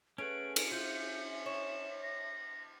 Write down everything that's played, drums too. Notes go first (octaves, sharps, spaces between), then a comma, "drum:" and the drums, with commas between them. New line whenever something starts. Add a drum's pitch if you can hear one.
A3 C#4 G#4 B4 F#5 D7
D7, drum: cymbal
F4 E5 G6
C#5 E7
A#6